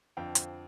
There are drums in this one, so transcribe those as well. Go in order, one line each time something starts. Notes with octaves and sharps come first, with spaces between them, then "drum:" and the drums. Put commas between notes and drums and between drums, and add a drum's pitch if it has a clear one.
F2 D3 F3 G5
drum: hi-hat